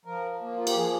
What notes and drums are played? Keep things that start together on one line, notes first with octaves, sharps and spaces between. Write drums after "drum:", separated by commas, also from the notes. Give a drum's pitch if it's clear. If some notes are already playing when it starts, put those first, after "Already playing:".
F3 A#4
A#3
F4
G4, drum: cymbal
F3 G#4